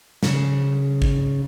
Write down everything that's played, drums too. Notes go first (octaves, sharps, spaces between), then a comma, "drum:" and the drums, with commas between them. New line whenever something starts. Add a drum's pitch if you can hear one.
C#3, drum: snare
drum: kick